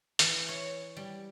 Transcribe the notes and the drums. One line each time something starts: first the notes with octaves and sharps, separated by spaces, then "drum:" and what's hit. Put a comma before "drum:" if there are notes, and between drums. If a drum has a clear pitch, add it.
E3, drum: hi-hat
C#5
G3